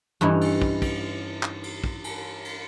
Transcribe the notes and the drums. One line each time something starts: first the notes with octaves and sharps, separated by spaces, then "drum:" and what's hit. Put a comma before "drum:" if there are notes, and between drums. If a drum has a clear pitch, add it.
G2 E3 C#4 D#4 E4
drum: cymbal
drum: kick
drum: kick, cymbal
drum: clap
drum: cymbal
drum: kick
drum: cymbal
drum: cymbal